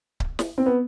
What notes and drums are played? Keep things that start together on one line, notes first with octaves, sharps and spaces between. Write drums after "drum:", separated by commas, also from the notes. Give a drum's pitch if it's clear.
drum: kick C#1
drum: snare
C4
B3